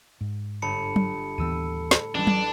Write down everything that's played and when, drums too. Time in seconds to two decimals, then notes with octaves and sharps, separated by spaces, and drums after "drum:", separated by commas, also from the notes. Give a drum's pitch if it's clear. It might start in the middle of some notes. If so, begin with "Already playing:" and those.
0.21 G#2
0.62 G1 A5 B5 C#7
0.96 drum: tom F#3
1.38 D#2 A2 E3 B3 E6 D#7
1.91 drum: snare
2.15 A1 G3 C#4 D4
2.27 drum: tom F#3